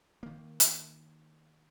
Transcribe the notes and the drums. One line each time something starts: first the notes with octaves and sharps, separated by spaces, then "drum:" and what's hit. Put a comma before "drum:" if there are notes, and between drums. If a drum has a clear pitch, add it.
D#3 A#3
drum: hi-hat